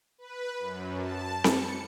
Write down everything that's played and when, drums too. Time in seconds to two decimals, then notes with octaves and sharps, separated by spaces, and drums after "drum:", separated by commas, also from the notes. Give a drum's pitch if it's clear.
0.18 B4
0.59 F#2
1.00 A5
1.44 C#7, drum: snare C4